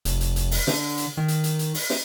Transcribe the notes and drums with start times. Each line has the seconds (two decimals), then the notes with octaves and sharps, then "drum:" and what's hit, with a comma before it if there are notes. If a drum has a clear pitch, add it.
0.05 F1, drum: hi-hat
0.21 drum: hi-hat
0.36 drum: hi-hat
0.51 drum: open hi-hat
0.67 D3, drum: snare
0.98 drum: hi-hat
1.17 D#3
1.28 drum: hi-hat
1.44 drum: hi-hat
1.59 drum: hi-hat
1.74 drum: open hi-hat
1.90 drum: snare